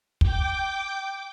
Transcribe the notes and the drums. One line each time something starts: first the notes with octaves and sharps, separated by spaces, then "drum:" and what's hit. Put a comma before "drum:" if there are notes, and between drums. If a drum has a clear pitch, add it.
G5 D6 G6, drum: kick